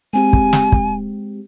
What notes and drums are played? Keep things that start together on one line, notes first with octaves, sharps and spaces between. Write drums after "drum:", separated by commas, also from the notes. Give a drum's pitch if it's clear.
G#3 C4 G4 G#5
drum: kick
drum: snare
drum: kick